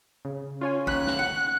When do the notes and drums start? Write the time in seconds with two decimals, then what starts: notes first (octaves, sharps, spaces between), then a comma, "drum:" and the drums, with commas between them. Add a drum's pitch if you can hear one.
0.25 C#3
0.61 C#4 F4 C#5 G#5
0.87 D#2 F#6 B6, drum: kick A#1
1.07 drum: snare
1.19 F#5